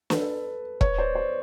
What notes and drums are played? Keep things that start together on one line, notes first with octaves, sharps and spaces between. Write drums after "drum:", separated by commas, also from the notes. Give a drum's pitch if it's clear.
A4 B4, drum: snare
B4 C#5, drum: kick E1
C5 D5
C5 D5